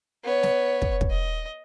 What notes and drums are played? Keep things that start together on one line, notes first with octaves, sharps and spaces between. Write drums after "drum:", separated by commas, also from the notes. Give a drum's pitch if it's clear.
B3 C#5
drum: snare
drum: kick
drum: kick
D#5